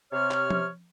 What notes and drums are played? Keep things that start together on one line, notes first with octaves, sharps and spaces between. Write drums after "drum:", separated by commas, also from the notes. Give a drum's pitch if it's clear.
C3 C#5 F6
drum: clap
drum: tom F3